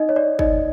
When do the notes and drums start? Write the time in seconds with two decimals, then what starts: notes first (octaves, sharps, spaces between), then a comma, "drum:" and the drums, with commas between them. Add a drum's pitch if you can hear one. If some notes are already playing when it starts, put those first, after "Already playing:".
Already playing: D#4 D#5
0.09 C#5
0.16 D5
0.39 D#4 D#5, drum: kick G1